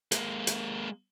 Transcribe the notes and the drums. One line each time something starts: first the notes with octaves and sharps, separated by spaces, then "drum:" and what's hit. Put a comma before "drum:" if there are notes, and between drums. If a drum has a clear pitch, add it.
G#3 A#3, drum: hi-hat
drum: hi-hat